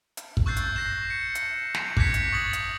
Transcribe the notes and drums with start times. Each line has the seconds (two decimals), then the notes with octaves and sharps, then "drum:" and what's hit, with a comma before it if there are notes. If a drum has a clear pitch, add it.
0.17 drum: hi-hat
0.37 drum: kick
0.46 C#6 E6 F#6 G6 A6 C7
0.56 drum: hi-hat
0.76 A#6 C7 E7
1.10 C#7
1.35 drum: hi-hat
1.74 F7, drum: snare
1.97 D6 F#6 G#6 A#6 B6 C#7, drum: kick
2.14 drum: hi-hat
2.32 C#6 D#6 G#6 A6 F#7
2.53 drum: hi-hat